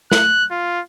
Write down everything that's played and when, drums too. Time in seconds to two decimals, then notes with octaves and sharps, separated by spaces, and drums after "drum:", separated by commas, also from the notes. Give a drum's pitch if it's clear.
0.12 F#6, drum: snare
0.51 F4